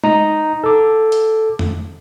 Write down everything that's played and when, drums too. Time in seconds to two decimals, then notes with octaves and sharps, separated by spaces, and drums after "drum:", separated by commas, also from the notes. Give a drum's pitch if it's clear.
0.04 D#4 A#5, drum: tom G#3
0.64 A4 D6
1.12 drum: hi-hat
1.59 drum: tom F2